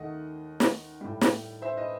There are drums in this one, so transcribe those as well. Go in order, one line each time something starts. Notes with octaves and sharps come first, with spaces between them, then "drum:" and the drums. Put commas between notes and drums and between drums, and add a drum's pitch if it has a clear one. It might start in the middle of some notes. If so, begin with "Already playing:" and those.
Already playing: D#2 D#3 A3 D#5 F#5
drum: snare
A2 G3
drum: snare
C5 E5
B4 D#5